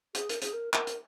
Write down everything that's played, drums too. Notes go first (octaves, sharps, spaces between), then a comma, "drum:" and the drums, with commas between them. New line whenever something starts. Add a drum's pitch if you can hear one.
G#4, drum: hi-hat
A#4, drum: hi-hat
G#4, drum: hi-hat
A#4
A#4, drum: clap
drum: hi-hat